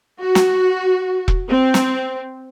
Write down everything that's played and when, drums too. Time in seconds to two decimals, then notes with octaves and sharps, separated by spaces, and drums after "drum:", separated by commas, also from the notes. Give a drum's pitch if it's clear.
0.21 F#4
0.35 drum: snare
1.28 drum: kick E1
1.51 C4
1.74 drum: snare